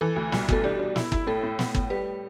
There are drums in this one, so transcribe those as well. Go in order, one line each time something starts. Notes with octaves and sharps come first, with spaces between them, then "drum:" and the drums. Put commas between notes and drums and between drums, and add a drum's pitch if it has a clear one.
E3 A4
D2
C2, drum: snare
B2 A4, drum: kick
D4 G4
D4
E4, drum: snare
E4, drum: kick
A2 A4
A2
B3, drum: snare
A2, drum: kick
G3 B4